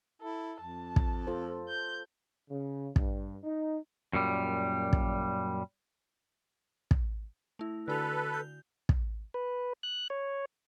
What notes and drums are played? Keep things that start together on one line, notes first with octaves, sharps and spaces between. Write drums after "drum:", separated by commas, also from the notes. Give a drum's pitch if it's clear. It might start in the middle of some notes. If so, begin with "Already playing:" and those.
E4 A4
F2 A5
drum: kick
F4 A4 C5
G6
C#3
G2, drum: kick
D#4
F#2 A#2 G3
drum: kick
drum: kick
A3 E4
D3 F#4 A4 B4 F7
G6
drum: kick
B4
F#6
C#5